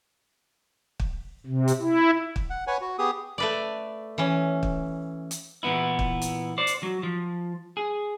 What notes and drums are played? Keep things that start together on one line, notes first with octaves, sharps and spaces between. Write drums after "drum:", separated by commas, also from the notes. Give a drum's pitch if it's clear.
drum: kick
C3
drum: hi-hat
E4
drum: kick
F#5
B4 C#5 F#5 G#5
F#4
B3 G4 G#4 D#6
A3 B4 D5
E3 C#4
drum: kick
drum: hi-hat
A#2 E3 B3 E4
drum: kick
drum: hi-hat
C5 D5
drum: hi-hat
F#3
F3
G#4